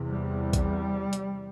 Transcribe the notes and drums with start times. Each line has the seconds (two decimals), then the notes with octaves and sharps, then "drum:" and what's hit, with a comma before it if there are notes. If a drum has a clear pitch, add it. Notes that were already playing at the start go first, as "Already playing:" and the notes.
Already playing: E2 C3
0.09 G3
0.53 drum: kick A#1, hi-hat
1.13 drum: hi-hat